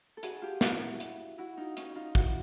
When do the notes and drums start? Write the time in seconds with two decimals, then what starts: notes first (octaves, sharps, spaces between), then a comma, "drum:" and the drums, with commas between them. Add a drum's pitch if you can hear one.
0.17 A4
0.23 F#4 G#4, drum: hi-hat
0.42 F4 G4
0.61 E4 F#4, drum: snare
1.00 drum: hi-hat
1.38 E4 F#4
1.57 D#4 F4
1.77 C#4 D#4, drum: hi-hat
1.95 D#4 F4
2.15 E4 F#4, drum: kick